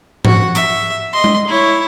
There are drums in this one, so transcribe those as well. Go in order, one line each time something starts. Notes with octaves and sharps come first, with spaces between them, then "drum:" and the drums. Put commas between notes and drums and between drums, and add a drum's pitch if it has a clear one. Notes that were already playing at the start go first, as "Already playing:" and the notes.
F#4 F#5, drum: tom G#2
E5, drum: hi-hat
D#5 C6
drum: tom G#3
E4 C#5